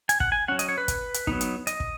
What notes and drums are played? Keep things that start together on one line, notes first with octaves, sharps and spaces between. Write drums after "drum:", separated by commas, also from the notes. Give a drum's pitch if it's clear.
G#5, drum: hi-hat
F#5, drum: kick
G#5
F#3 C#4 F#5
D#5, drum: hi-hat
C#5
B4
drum: kick, hi-hat
drum: hi-hat
F#3 B3 D#4, drum: kick
drum: hi-hat
D#5, drum: hi-hat
drum: kick